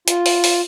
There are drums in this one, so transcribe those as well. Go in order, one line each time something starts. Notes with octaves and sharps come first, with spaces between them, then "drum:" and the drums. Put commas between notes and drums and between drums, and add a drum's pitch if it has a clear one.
F4, drum: hi-hat
drum: open hi-hat
drum: open hi-hat